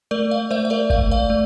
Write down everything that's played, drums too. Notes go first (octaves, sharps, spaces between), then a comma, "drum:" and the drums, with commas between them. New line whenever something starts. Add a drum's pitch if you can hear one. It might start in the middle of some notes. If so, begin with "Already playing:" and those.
A3 A#4 D5
D5 F5
A3 C5 E5
E5
A#4 D5
A3 F5, drum: kick
D5 F5
A3